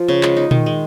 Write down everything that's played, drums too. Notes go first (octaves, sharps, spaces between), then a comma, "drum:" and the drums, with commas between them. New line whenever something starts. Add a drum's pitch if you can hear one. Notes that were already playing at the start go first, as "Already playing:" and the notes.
Already playing: F3 F4
C#3
G#3, drum: clap
D#4
D#3, drum: tom A#2
G#3